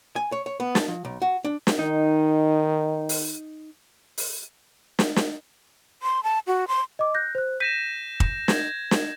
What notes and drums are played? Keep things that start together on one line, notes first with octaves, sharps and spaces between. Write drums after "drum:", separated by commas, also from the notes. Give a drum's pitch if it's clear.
G#5
C#5
C#5
B3
A5, drum: snare
F3
B1
F#4
D4
drum: snare
D#3 D#4
drum: open hi-hat
drum: open hi-hat
drum: snare
drum: snare
C6
A5
F#4
C6
D#5 D6
F#6 G6 A#6
C5 F#6
G6 A#6 B6 D#7 E7
drum: kick
G#6 A#6, drum: snare
drum: snare